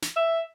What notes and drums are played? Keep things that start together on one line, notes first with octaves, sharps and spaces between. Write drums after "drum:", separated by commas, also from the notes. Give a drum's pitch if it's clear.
drum: snare
E5